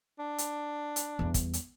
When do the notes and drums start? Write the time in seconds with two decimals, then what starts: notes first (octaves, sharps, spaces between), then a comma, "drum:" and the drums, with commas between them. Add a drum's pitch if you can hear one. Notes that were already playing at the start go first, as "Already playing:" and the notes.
0.19 D4
0.38 drum: hi-hat
0.96 drum: hi-hat
1.19 E2 G3
1.34 drum: kick, hi-hat
1.53 drum: hi-hat